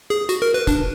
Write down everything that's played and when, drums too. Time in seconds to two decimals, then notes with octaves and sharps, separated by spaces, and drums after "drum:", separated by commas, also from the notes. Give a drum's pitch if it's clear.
0.10 G#4
0.29 F#4, drum: tambourine
0.42 A#4
0.54 B4
0.67 D4, drum: kick, tambourine